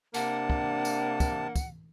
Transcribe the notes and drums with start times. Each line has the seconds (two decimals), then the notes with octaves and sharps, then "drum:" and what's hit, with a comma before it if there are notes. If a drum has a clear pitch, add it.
0.14 C3 A#3 D4 F#5 A5, drum: tambourine
0.50 drum: kick
0.85 drum: tambourine
1.20 drum: kick, tambourine
1.56 drum: kick, tambourine